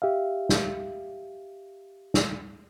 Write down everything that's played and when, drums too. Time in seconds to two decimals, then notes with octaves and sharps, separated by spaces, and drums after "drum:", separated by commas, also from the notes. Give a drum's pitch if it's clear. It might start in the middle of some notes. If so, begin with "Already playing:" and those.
0.02 G4 E5 F5
0.49 drum: snare
2.14 drum: snare